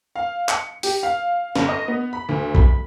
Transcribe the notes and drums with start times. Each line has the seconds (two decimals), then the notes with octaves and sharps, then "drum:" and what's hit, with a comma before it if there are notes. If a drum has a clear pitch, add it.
0.16 F5
0.49 C#7, drum: clap
0.83 G4, drum: open hi-hat
1.03 F5
1.56 G1, drum: snare
1.69 D#5
1.88 B3
2.13 B5
2.29 D2
2.55 B5, drum: kick B1